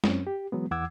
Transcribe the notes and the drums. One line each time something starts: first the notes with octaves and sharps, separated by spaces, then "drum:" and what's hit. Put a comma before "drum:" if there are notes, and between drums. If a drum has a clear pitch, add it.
F#2 F#3 C4 C#4, drum: snare
G4
E3 F#3 G#3 B3
E2 E3 F#5 D6 E6 G#6